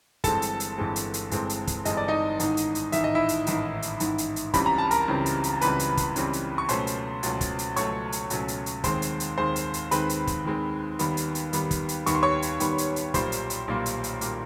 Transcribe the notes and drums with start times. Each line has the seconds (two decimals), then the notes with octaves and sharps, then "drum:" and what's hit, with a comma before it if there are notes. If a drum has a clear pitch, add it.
0.24 G1 G2 E3 G#3 C4 A4 A5, drum: kick, hi-hat
0.42 drum: hi-hat
0.60 drum: hi-hat
0.78 G1 G2 E3 G#3 C4
0.96 drum: hi-hat
1.14 drum: hi-hat
1.31 G1 G2 E3 G#3 C4, drum: hi-hat
1.49 drum: hi-hat
1.67 drum: kick, hi-hat
1.85 G1 G2 E3 G#3 C4 D#5, drum: hi-hat
1.97 D5
2.08 D#4 D#5
2.40 A1 G#2 D#3, drum: hi-hat
2.57 drum: hi-hat
2.75 drum: hi-hat
2.92 A1 G#2 D#3 E5, drum: hi-hat
3.04 D#5
3.15 E4 E5
3.29 drum: hi-hat
3.47 A1 G#2 D#3, drum: hi-hat
3.82 drum: hi-hat
4.00 A1 G#2 D#3, drum: hi-hat
4.18 drum: hi-hat
4.36 drum: hi-hat
4.54 C#2 C#3 E3 G3 C4 B5, drum: kick, hi-hat
4.66 A#5
4.78 A5
4.91 A#4 A#5, drum: hi-hat
5.08 C#2 C#3 E3 G3 C4
5.26 drum: hi-hat
5.44 drum: hi-hat
5.61 C#2 C#3 E3 G3 C4 B4 B5, drum: hi-hat
5.79 drum: hi-hat
5.97 drum: kick, hi-hat
6.16 C#2 C#3 E3 G3 C4, drum: hi-hat
6.33 drum: hi-hat
6.58 C#6
6.69 C#2 B2 F#3 A3 C#4 C5 C6, drum: hi-hat
6.87 drum: hi-hat
7.23 C#2 B2 F#3 A3 C#4, drum: hi-hat
7.41 drum: kick, hi-hat
7.59 drum: hi-hat
7.76 C#2 B2 F#3 A3 C#4 C#5 C#6, drum: hi-hat
8.12 drum: hi-hat
8.30 C#2 B2 F#3 A3 C#4, drum: hi-hat
8.48 drum: hi-hat
8.66 drum: hi-hat
8.84 D#2 D#3 G#3 C4 C5 C6, drum: kick, hi-hat
9.02 drum: hi-hat
9.20 drum: hi-hat
9.38 D#2 D#3 G#3 C4 C5 C6
9.56 drum: hi-hat
9.74 drum: hi-hat
9.91 D#2 D#3 G#3 C4 B4 B5, drum: hi-hat
10.09 drum: hi-hat
10.27 drum: kick, hi-hat
10.45 D#2 D#3 G#3 C4
10.99 D#2 D#3 G3 B3, drum: hi-hat
11.17 drum: hi-hat
11.35 drum: hi-hat
11.53 D#2 D#3 G3 B3, drum: hi-hat
11.71 drum: kick, hi-hat
11.89 drum: hi-hat
12.06 D#2 D#3 G3 B3 C#6, drum: hi-hat
12.15 C6
12.23 C#5 C#6
12.42 drum: hi-hat
12.60 D#2 D#3 G3 B3, drum: hi-hat
12.78 drum: hi-hat
12.96 drum: hi-hat
13.14 B1 A#2 G3 A#3 C5 C6, drum: kick, hi-hat
13.32 drum: hi-hat
13.50 drum: hi-hat
13.68 B1 A#2 G3 A#3
13.86 drum: hi-hat
14.04 drum: hi-hat
14.21 A#2 G3 A#3, drum: hi-hat